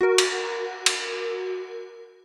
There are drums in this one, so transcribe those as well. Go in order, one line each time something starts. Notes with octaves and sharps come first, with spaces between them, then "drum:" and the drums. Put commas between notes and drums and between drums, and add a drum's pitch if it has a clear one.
F#4 A#4
drum: cymbal
drum: cymbal